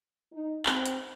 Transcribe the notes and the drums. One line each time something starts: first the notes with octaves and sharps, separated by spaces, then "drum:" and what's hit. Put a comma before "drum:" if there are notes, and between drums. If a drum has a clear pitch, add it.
D#4
C4, drum: clap
drum: hi-hat